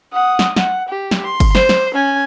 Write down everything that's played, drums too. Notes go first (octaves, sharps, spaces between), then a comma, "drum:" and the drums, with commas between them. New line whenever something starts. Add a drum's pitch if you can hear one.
F#5 D#6
drum: snare
F#5, drum: snare
G4
drum: snare
C6
drum: kick G1, cymbal
C5, drum: snare
drum: snare
C#4 G#5